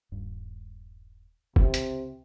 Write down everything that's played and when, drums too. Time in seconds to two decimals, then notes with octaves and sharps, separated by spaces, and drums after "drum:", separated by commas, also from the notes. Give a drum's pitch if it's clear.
0.12 D#1 G2
1.56 C#2 C3, drum: kick F1
1.74 drum: hi-hat